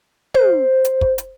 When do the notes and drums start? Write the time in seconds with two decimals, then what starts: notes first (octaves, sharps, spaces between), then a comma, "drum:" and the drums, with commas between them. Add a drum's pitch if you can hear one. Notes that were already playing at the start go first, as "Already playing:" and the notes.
0.34 C5, drum: tom
0.85 drum: hi-hat
1.01 drum: kick
1.18 drum: hi-hat